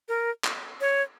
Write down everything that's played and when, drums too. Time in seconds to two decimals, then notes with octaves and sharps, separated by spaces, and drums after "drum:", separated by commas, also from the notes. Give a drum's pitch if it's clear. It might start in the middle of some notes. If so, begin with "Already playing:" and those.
0.08 A#4
0.44 drum: clap
0.81 C#5